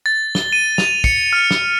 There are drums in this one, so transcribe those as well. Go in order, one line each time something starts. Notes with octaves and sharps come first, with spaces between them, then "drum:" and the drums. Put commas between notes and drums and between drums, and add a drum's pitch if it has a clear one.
A6
G7, drum: snare
D#7
F7, drum: snare
C#7, drum: kick
F6
drum: snare